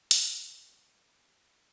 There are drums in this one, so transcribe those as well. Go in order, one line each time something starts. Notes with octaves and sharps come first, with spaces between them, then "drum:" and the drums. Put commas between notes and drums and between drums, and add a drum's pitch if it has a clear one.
G#1 E3 B3 C#4 G#4 A4, drum: hi-hat
C#3 G#3 D4 G#4 A#5
A#3 B3 C#4